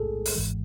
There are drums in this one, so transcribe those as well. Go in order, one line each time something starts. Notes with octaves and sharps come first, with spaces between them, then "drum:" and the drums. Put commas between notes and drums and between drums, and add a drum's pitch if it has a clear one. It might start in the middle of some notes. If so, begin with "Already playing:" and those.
Already playing: B1 A2 G#3 G#4 A4
drum: open hi-hat
G#1 G#2 E3 G#3